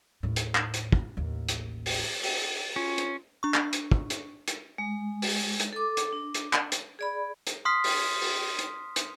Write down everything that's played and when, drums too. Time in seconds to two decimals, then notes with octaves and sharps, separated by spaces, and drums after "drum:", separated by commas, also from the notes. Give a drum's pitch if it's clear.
0.23 D#2 A2
0.36 drum: hi-hat
0.55 drum: clap
0.74 drum: hi-hat
0.92 drum: kick
1.17 A1 D#2
1.49 drum: hi-hat
1.86 drum: open hi-hat
2.23 drum: open hi-hat
2.76 C#4 F4
2.98 drum: hi-hat
3.43 D4 C#6
3.54 drum: clap
3.73 drum: hi-hat
3.92 drum: kick
4.10 drum: hi-hat
4.48 drum: hi-hat
4.78 G#3
5.22 drum: open hi-hat
5.60 drum: hi-hat
5.73 A4 D6
5.97 drum: hi-hat
6.13 D4
6.34 drum: hi-hat
6.53 drum: clap
6.72 drum: hi-hat
6.99 G#4 D5 B5
7.47 drum: hi-hat
7.65 C6 D#6 F6 B6 C7
7.84 drum: open hi-hat
8.21 drum: open hi-hat
8.59 drum: hi-hat
8.96 drum: hi-hat